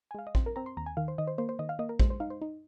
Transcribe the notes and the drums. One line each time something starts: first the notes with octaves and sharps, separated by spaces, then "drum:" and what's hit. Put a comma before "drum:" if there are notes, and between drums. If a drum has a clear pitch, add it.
G#5
G#3 F5
D#5
C4 C5, drum: kick
A#4
C4 A#5
C6
D#2 A#5
G#5
D#3 F5
C5
D#3 D#5
C5
A#3 C5
C5
D#3 D#5
F5
A#3 D#5
A#4
G#3 C5, drum: kick
C5
D#4 F5
C5
D#4